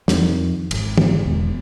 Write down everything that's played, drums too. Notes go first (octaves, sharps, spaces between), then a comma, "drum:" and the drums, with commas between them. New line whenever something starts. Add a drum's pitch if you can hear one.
F2 D#3, drum: snare
G#1, drum: cymbal
drum: tom
E1 E2